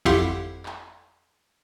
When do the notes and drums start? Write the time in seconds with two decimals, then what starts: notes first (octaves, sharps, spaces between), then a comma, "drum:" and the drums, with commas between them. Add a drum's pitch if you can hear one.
0.05 F2 E4 G4 F5 F#5 C6, drum: kick
0.66 drum: clap